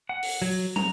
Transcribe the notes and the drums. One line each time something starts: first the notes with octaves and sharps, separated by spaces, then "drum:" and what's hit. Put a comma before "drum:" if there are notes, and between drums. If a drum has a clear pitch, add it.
F#5
drum: open hi-hat
F#3
A#5, drum: tom